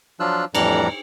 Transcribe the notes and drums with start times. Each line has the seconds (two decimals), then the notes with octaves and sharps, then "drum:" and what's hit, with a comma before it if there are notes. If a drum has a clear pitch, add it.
0.20 F3 F#3 D4 F4 E6 F#6
0.55 F2 A2 E3 G3 D4 A#5, drum: cymbal